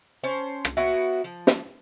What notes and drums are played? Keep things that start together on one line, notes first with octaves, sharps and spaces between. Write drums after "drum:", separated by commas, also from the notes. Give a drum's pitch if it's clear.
C#4 C5 A5
drum: rim click
F#3 B3 E4 F#4
F3
drum: snare